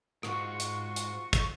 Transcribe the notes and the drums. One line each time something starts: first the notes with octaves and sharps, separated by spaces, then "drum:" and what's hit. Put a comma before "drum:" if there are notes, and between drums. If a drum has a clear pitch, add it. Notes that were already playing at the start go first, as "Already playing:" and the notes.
G#2 F4 F#4 C#6, drum: rim click
drum: hi-hat
drum: hi-hat
drum: kick, hi-hat